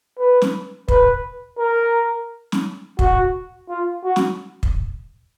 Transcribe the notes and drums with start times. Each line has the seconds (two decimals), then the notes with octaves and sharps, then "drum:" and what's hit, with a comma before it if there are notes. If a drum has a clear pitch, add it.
0.19 B4
0.42 drum: snare
0.88 B4, drum: kick
1.58 A#4
2.52 drum: snare
2.99 F#4, drum: kick
3.69 F4
4.04 F#4
4.16 drum: snare
4.63 drum: kick